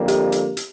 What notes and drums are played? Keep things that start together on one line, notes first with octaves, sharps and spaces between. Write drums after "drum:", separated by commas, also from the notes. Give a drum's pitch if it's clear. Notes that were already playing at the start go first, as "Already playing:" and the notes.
Already playing: F2 D3 G3 A#3
G4, drum: hi-hat
drum: hi-hat
drum: hi-hat